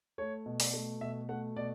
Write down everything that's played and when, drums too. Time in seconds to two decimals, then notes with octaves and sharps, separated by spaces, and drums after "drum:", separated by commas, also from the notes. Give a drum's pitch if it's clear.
0.18 A3 C#5
0.46 B2
0.60 D5, drum: open hi-hat
0.73 A3
1.01 B2 E5
1.29 A3 F#5
1.56 B2 D5